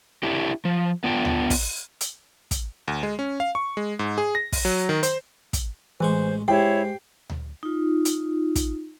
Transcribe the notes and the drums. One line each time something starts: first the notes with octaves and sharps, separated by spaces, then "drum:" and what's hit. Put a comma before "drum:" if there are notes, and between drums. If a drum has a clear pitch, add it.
D4 E4 G4
F3
B3 D4 F4 G5
drum: tom D2
drum: kick, open hi-hat
drum: hi-hat
drum: kick, hi-hat
D2
G#3
C#4
F5
C#6
G#3
G#2
G#4
A#6
drum: kick, open hi-hat
F#3
D#3
C5, drum: hi-hat
drum: kick, hi-hat
A1 E3 G#3 C5 C#6
G#2 E4 G4 C#5 G5 C7
drum: tom D2
D#4 F4
drum: hi-hat
drum: kick, hi-hat